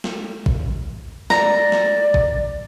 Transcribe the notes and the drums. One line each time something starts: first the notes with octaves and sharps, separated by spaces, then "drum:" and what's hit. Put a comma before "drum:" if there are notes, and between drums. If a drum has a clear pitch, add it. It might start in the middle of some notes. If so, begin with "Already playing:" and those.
drum: snare
drum: kick A1
D5 A#5, drum: snare
drum: snare
drum: kick A1